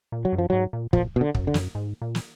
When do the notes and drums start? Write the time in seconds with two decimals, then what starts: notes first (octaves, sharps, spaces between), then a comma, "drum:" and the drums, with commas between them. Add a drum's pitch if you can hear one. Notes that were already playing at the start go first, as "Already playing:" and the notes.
0.12 A#2
0.25 F#3
0.33 F#2
0.38 F3
0.50 G#2 F#3
0.73 A#2
0.93 A#2 F3, drum: kick
1.16 B2
1.21 D3
1.34 F#2, drum: kick
1.47 D3
1.54 F#2, drum: snare
1.75 G#2
2.02 A#2
2.15 drum: snare